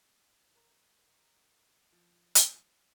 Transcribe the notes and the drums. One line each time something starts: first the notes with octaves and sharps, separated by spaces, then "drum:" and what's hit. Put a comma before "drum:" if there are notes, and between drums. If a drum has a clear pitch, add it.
A#4
F3
drum: hi-hat